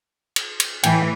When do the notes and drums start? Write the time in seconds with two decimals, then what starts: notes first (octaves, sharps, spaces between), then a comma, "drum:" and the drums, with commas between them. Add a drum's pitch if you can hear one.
0.36 drum: cymbal
0.60 drum: cymbal
0.83 A2 E3 G5 G#5, drum: cymbal